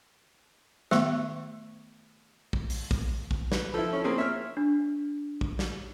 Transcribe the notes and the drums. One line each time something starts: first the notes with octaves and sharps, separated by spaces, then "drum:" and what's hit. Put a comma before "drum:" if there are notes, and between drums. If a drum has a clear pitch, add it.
D#3 A3 B3 E5 C#6, drum: snare
drum: kick
drum: open hi-hat
drum: kick
drum: kick
B4, drum: snare
F3 E4 A4
C#4
A#3 C4 C#4 G#4
C#5 E5 F6
D4
drum: kick
drum: snare